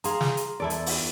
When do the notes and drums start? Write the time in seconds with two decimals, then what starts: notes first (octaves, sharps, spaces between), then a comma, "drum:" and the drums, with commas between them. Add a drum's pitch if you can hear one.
0.04 G#4 F5 A#5 C6, drum: hi-hat
0.21 drum: snare
0.37 drum: hi-hat
0.60 E2 E4 A4 D5
0.70 drum: hi-hat
0.86 drum: open hi-hat